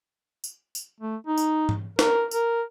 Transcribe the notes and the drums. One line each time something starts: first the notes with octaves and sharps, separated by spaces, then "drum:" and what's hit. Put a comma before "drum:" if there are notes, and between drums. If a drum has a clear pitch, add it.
drum: tambourine
drum: tambourine
A3
D#4
drum: tambourine
drum: tom G#2
A#4, drum: snare
A#4, drum: tambourine